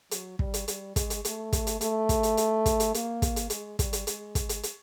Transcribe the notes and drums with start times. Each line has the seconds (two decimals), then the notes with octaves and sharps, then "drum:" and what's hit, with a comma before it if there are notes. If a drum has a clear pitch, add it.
0.11 F#3, drum: hi-hat
0.39 G3, drum: kick
0.54 drum: hi-hat
0.68 G3, drum: hi-hat
0.96 G#3, drum: kick, hi-hat
1.10 drum: hi-hat
1.25 A3, drum: hi-hat
1.53 drum: kick, hi-hat
1.67 drum: hi-hat
1.81 A3, drum: hi-hat
2.09 drum: kick, hi-hat
2.23 drum: hi-hat
2.37 drum: hi-hat
2.66 drum: kick, hi-hat
2.80 drum: hi-hat
2.94 A#3, drum: hi-hat
3.22 drum: kick, hi-hat
3.36 drum: hi-hat
3.50 G#3, drum: hi-hat
3.79 G3, drum: kick, hi-hat
3.93 drum: hi-hat
4.07 G#3, drum: hi-hat
4.35 drum: kick, hi-hat
4.49 drum: hi-hat
4.63 drum: hi-hat